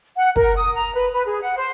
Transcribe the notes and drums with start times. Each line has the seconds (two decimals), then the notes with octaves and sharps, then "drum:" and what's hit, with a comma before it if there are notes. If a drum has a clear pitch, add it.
0.17 F#5
0.36 A#4, drum: kick
0.55 D#6
0.75 A#5
0.95 B4
1.13 B4
1.26 G#4
1.42 F#5
1.57 C5